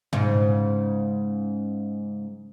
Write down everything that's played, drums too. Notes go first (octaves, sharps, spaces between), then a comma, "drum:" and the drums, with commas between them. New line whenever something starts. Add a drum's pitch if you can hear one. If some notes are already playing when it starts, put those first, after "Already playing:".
G#2 C#3, drum: tom A#2